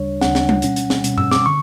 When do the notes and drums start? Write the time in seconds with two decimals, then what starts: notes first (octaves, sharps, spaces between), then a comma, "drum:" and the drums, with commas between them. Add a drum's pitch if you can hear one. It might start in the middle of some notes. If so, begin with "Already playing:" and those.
Already playing: D2 C#3 G3 D4 C#5
0.21 D2 C#3 G3 D4 F#5, drum: snare
0.35 drum: snare
0.49 drum: tom G3
0.62 B2 G3 C#4, drum: hi-hat
0.76 drum: hi-hat
0.90 drum: snare
1.04 B2 G3 C#4, drum: hi-hat
1.18 E6, drum: tom G2
1.31 D6, drum: snare
1.46 D3 C#6